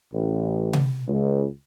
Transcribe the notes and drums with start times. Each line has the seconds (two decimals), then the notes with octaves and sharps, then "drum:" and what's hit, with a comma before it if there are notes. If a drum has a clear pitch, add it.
0.13 A1
0.73 drum: tom C3
1.07 C#2